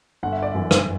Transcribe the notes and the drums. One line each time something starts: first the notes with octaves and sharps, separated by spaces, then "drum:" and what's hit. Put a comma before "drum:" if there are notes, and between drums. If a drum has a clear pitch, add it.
G1 F#5
E5
D5
F#2 E3 E5
drum: rim click